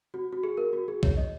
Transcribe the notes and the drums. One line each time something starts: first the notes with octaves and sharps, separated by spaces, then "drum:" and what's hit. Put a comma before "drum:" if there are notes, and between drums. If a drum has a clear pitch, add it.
F#4
F#4
G#4
A#4
F#4
G#4
C#5, drum: kick
D#5